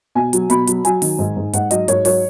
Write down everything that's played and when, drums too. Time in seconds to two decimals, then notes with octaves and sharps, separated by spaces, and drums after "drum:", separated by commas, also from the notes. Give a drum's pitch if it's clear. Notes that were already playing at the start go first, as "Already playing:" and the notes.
0.15 B2 G#5
0.33 F#3, drum: hi-hat
0.50 B2 B5, drum: hi-hat
0.67 F#3, drum: hi-hat
0.85 F#3 G#5, drum: hi-hat
1.02 D#3, drum: open hi-hat
1.18 G#2
1.37 G#2
1.53 G#2 F#5, drum: hi-hat
1.71 F#3 D#5, drum: hi-hat
1.88 G#2 C#5, drum: hi-hat
2.05 F#3 C#5, drum: open hi-hat